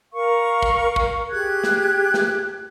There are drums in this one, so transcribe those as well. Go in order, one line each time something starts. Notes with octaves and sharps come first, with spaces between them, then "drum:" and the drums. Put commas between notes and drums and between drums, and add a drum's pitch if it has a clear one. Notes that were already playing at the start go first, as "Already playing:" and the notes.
A#4 F5 C#6
drum: kick
drum: kick
G4 G#4 F#6 G#6
drum: snare
drum: snare